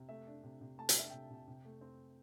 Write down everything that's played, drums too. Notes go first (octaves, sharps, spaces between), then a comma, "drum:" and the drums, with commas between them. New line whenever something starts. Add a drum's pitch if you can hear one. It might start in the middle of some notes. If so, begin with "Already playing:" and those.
Already playing: C3
A3 E5
D4
C3
C3
A3 A5
G5, drum: hi-hat
D4 E5
C3 G5
C3
C3
A3
C4